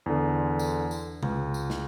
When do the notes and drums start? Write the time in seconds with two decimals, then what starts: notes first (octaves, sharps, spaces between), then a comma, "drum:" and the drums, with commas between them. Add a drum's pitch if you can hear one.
0.06 E2 D3
0.59 drum: tambourine
0.91 drum: tambourine
1.23 C#2, drum: tom C3
1.54 drum: tambourine
1.70 drum: snare